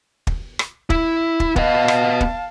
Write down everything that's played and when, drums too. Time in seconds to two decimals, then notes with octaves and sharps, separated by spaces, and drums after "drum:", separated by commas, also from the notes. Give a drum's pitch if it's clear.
0.27 drum: kick
0.59 drum: rim click
0.90 E4, drum: kick
1.40 drum: kick
1.56 B3 D#5 F5 A5, drum: kick
1.88 drum: rim click
2.21 drum: kick